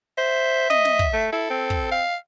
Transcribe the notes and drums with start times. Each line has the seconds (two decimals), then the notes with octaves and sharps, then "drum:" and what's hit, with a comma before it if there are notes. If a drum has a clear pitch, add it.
0.18 C5 E5
0.70 D#5, drum: snare
0.85 drum: snare
0.99 drum: kick
1.13 A3
1.33 E4 A4
1.50 C4
1.70 drum: kick
1.92 F5